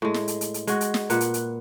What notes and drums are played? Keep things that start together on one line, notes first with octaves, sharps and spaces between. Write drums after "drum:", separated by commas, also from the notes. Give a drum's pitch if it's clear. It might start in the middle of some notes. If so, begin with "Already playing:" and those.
A2 G#3
drum: snare
drum: hi-hat
drum: hi-hat
drum: hi-hat
G#3 F#4, drum: hi-hat
drum: hi-hat
drum: snare
A#2 B4 F#5, drum: hi-hat
drum: hi-hat
drum: hi-hat